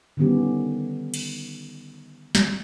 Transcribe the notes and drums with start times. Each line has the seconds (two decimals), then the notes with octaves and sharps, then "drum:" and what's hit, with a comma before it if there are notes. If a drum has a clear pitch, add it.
0.17 D3 D#3 G3 B3 C#4 G4
1.14 drum: cymbal
2.35 drum: snare